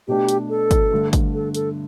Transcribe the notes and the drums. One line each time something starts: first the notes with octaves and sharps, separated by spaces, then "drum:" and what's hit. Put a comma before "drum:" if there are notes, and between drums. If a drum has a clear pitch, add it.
B2 A3 D4 G4
drum: hi-hat
A4
drum: kick, hi-hat
G2 D3 A3
drum: kick, hi-hat
A4
A4, drum: hi-hat